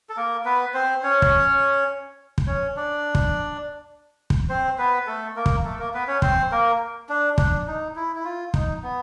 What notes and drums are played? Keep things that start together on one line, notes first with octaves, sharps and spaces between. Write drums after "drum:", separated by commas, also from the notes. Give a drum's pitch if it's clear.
A4
A#3 A#4
B3 B4
C4 C5
C#4 C#5
drum: kick
drum: kick
C#4 C#5
D4 D5
drum: kick
drum: kick
C4 C5
B3 B4
A3 A4
A#3 A#4
drum: kick
A3 A4
A#3 A#4
B3 B4
C#4 C#5
C4 C5, drum: kick
A#3 A#4
D4
D4, drum: kick
D#4
E4
E4
F4
D#4, drum: kick
B3